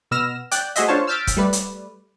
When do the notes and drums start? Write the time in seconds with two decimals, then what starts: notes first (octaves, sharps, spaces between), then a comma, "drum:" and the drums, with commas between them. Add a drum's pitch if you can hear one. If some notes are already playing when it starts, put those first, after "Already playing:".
0.11 B2 B3 E6 F6 A#6 E7
0.51 D5 G5 F#6, drum: hi-hat
0.76 A3 F#4 G#4 C5 D#5 E5, drum: hi-hat
0.88 D4 F4 C5 C#5 A5
1.07 E6 F6 G6 A6 B6 D7
1.27 drum: kick, hi-hat
1.37 G3 A3 B4 D5
1.53 drum: hi-hat